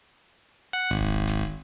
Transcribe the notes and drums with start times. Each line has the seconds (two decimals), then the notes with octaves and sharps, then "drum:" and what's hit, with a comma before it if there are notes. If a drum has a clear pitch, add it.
0.73 F#5
0.91 G#1
1.00 drum: kick D1, hi-hat
1.27 drum: snare